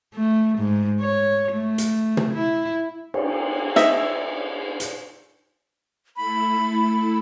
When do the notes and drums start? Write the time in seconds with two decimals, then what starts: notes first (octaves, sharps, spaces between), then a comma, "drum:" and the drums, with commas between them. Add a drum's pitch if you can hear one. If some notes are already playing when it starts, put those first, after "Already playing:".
0.15 A3
0.58 G#2
1.01 C#5
1.52 A3
1.78 drum: hi-hat
2.17 drum: tom
2.34 E4
3.14 drum: cymbal
3.76 D#4 D#5 E5, drum: snare
4.80 drum: hi-hat
6.16 A3 E4 A4 B5